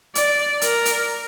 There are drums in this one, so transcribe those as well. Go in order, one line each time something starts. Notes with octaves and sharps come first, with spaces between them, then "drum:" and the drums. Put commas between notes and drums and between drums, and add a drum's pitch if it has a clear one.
D5, drum: hi-hat
A#4, drum: hi-hat
drum: hi-hat